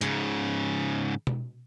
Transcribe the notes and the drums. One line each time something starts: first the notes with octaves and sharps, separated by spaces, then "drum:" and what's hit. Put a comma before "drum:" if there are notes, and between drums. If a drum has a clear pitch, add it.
G#2 C#3, drum: hi-hat
drum: tom B2